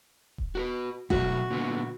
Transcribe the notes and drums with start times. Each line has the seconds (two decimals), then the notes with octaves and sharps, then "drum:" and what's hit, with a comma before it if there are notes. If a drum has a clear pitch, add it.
0.38 drum: kick D#1
0.55 F#4 A#4 B4
1.10 B2 F#3 A3 F#4, drum: kick D#1
1.50 A#2 D3 B3